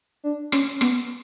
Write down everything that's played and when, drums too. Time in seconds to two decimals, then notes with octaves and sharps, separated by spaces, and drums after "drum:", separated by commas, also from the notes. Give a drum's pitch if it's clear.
0.24 D4
0.52 C#4, drum: rim click
0.81 B3, drum: rim click